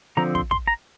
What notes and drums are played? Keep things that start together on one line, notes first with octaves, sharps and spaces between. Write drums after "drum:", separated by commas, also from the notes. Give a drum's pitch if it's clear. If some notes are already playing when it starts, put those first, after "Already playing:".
D3 F3 C4 A#5
C6, drum: kick
C6, drum: kick
A#5